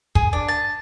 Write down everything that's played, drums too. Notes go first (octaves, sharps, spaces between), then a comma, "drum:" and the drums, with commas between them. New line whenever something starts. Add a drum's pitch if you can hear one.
G#4, drum: kick
D4
A5